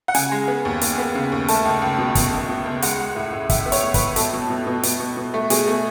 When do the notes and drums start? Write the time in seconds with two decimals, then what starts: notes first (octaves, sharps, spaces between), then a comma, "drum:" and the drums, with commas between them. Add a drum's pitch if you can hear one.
0.08 F#5
0.15 C#3 G#5, drum: hi-hat
0.32 G#3
0.48 B3
0.65 D#2
0.81 D#2, drum: hi-hat
0.98 B3
1.15 C#3
1.32 D#2
1.48 A3 A5, drum: hi-hat
1.65 C#2
1.82 C#2
1.98 B2
2.15 C#2, drum: kick, hi-hat
2.33 C#2
2.49 B2
2.66 C#2
2.82 G#3 F#5, drum: hi-hat
2.99 G#3
3.16 A2
3.33 A2
3.49 A2 E5, drum: kick, hi-hat
3.66 B3
3.72 C#5, drum: hi-hat
3.83 A2
3.94 B4, drum: kick, hi-hat
4.00 A2
4.16 B2 A4, drum: hi-hat
4.33 B2
4.50 B2
4.67 B2
4.83 B2, drum: hi-hat
5.00 B2
5.17 B2
5.34 A3
5.50 B2 G#4, drum: hi-hat
5.67 A3